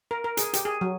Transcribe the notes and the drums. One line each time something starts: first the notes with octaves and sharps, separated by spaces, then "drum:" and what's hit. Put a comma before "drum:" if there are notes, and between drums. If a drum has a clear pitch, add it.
A#4
A#4
G#4, drum: hi-hat
G4, drum: hi-hat
G#4
F#3